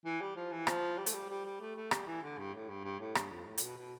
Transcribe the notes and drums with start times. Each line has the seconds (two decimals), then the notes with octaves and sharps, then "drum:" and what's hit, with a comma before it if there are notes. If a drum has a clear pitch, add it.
0.05 E3
0.21 G3
0.36 F3
0.51 E3
0.67 F3, drum: rim click
0.98 G3
1.06 A3, drum: hi-hat
1.13 G3
1.29 G3
1.45 G3
1.60 A3
1.76 A3
1.91 G3, drum: rim click
2.07 E3
2.22 D3
2.38 G2
2.53 A2
2.69 G2
2.84 G2
3.00 A2
3.15 G2, drum: rim click
3.31 F2
3.46 A2
3.58 A2, drum: hi-hat
3.62 B2
3.77 B2